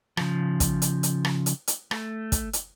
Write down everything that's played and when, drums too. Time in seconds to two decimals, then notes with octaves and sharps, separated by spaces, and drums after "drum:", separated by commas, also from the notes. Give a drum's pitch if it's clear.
0.17 C#3 F3, drum: rim click
0.60 drum: kick, hi-hat
0.82 drum: hi-hat
1.03 drum: hi-hat
1.25 drum: rim click
1.46 drum: hi-hat
1.68 drum: hi-hat
1.91 A3, drum: rim click
2.32 drum: kick, hi-hat
2.53 drum: hi-hat